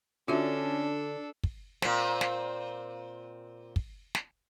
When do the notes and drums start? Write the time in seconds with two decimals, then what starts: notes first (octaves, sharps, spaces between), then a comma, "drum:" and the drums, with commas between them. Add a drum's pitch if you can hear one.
0.28 D3 C#4 D4 F4 F#4 A4 E5
1.44 drum: kick
1.82 A#2 C4, drum: snare
2.21 drum: snare
3.76 drum: kick
4.15 drum: snare